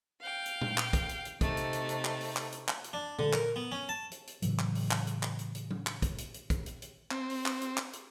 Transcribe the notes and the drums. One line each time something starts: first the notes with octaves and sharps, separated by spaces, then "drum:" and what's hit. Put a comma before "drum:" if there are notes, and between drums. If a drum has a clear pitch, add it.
F5 G5
drum: hi-hat
drum: tom A#2
drum: clap
drum: kick, hi-hat
drum: hi-hat
drum: hi-hat
C3 A3 D#4, drum: kick, hi-hat
drum: hi-hat
drum: hi-hat
drum: hi-hat
drum: clap
drum: open hi-hat
drum: clap
drum: hi-hat
drum: clap
drum: hi-hat
D4
D3, drum: tom A#2
A#4, drum: clap
B3
C#4
A5
drum: hi-hat
drum: hi-hat
A2 C#3 E3 F#3, drum: hi-hat
drum: clap
drum: open hi-hat
drum: clap
drum: hi-hat
drum: clap
drum: hi-hat
drum: hi-hat
drum: tom F#3
drum: clap
drum: kick, hi-hat
drum: hi-hat
drum: hi-hat
drum: kick, hi-hat
drum: hi-hat
drum: hi-hat
C4, drum: clap
drum: open hi-hat
drum: clap
drum: hi-hat
drum: clap
drum: hi-hat